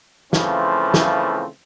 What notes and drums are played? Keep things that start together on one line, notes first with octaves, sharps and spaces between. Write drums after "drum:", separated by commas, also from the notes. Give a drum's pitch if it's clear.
C#3 E3 F3 A3 C4, drum: snare
drum: snare